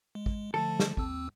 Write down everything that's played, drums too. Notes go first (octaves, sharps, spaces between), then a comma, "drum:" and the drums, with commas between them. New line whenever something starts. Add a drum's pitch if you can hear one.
G#3
drum: kick
D3 F3 A3 A4
drum: snare
D#2 C4 E6, drum: kick